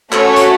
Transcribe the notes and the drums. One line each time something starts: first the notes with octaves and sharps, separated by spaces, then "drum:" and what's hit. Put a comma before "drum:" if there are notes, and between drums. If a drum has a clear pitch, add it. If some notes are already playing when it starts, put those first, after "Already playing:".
A3 C#4 F#4 A4 C#5, drum: clap
drum: hi-hat